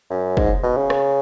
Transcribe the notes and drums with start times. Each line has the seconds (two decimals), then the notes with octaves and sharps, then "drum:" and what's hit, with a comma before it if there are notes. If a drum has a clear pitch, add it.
0.10 F#2
0.37 G#2, drum: kick
0.63 B2
0.77 C#3
0.90 drum: rim click